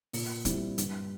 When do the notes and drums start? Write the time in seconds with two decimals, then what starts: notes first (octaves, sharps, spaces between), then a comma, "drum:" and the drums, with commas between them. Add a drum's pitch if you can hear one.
0.13 A#2, drum: open hi-hat
0.45 G3 C4 E4, drum: kick, hi-hat
0.78 G2, drum: hi-hat